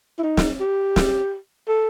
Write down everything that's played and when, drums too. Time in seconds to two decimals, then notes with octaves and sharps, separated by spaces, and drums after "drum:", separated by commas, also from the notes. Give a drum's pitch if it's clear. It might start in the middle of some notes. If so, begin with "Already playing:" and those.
0.19 E4
0.23 D#4
0.37 drum: snare
0.60 G4
0.96 drum: snare
1.68 A4